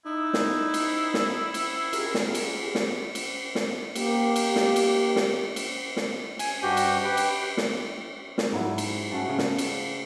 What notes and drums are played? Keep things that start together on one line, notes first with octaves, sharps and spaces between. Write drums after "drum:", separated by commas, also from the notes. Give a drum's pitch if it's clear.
D#4 E4
drum: snare
drum: cymbal
drum: snare
drum: cymbal
F4 G4 G#4 A#4, drum: cymbal
drum: snare
drum: cymbal
drum: snare
drum: cymbal
drum: snare
A#3 G4, drum: cymbal
drum: cymbal
drum: snare
drum: cymbal
drum: snare
drum: cymbal
drum: snare
G#5, drum: cymbal
G2 F#4 G4 G6
drum: cymbal
G4 B4 G5
drum: cymbal
drum: snare
drum: snare
G#2 F#3 E4
drum: cymbal
A3 C#4 F#4
C#3
drum: snare
drum: cymbal